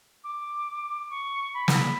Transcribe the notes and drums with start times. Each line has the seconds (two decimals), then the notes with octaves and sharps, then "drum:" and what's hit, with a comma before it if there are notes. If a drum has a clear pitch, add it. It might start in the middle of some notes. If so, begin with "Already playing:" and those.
0.23 D6
1.09 C#6
1.53 B5
1.68 drum: snare